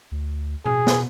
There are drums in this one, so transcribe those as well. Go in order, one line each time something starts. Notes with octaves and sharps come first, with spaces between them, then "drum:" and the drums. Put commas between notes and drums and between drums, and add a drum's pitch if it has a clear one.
D2
B2 G#4, drum: tom A2
drum: snare